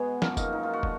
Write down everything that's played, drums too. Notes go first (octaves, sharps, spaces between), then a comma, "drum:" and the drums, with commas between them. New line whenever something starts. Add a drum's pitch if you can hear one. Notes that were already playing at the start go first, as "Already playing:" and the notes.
Already playing: B2 G#3 B3 G#4
F#2 F3 A#3 A#4, drum: snare F3
D#4, drum: kick, tambourine
D#4
F4
F#4
D3, drum: kick